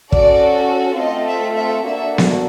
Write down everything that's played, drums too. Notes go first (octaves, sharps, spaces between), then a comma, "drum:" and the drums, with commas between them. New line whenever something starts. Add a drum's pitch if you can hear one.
C#4 F#4 A4 D5, drum: kick
A3 C4 F4 A4 D#5
E5
E5
A#3 D4 F#4 A4 E5
drum: snare B3